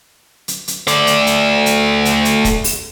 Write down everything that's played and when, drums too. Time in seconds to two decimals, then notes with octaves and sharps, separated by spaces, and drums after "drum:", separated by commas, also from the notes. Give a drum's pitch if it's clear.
0.48 drum: hi-hat
0.68 drum: hi-hat
0.87 A3 D5, drum: hi-hat
1.07 drum: hi-hat
1.27 drum: hi-hat
1.66 drum: hi-hat
2.05 drum: hi-hat
2.25 drum: hi-hat
2.45 drum: kick, hi-hat
2.64 drum: open hi-hat